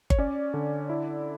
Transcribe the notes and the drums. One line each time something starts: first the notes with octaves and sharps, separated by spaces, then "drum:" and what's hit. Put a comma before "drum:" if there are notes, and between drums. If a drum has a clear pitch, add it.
C#5, drum: kick G1
C#4 D5
D3
E4